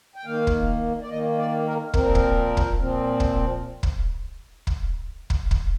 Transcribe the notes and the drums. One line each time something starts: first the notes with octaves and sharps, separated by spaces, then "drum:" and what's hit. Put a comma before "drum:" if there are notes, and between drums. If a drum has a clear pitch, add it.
G5
D#3 A#3 F5
drum: kick
D5
D#3 A#3 D#5
D5
A#4
A#2 F3 C4 A#4, drum: kick
drum: kick
drum: kick
A#2 F3 C4
drum: kick
drum: kick
drum: kick
drum: kick
drum: kick